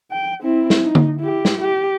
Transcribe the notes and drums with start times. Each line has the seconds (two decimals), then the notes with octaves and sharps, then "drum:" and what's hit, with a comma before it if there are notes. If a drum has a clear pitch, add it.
0.11 G5
0.41 C4 E4
0.70 drum: snare
0.84 D#4
0.95 drum: tom D3
1.20 E4 G4
1.45 drum: snare
1.61 G4